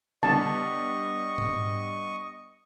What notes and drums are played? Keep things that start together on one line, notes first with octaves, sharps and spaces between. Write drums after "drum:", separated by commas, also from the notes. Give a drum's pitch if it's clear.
G3 B3 D4 D#5 A5 C#6, drum: tom C#3
drum: tom G#2